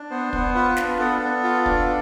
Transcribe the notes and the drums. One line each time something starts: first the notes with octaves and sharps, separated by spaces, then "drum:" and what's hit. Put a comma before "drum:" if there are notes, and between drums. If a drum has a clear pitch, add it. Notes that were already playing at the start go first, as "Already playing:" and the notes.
Already playing: D4
B3 C5
B3, drum: kick
F4 B4
D4, drum: snare
B3 A4
B3
F4
D4, drum: kick